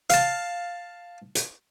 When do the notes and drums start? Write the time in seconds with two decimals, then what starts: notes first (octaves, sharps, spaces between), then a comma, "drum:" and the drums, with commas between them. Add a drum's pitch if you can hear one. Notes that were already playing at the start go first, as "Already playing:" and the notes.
0.10 F5 A5, drum: hi-hat
1.35 drum: hi-hat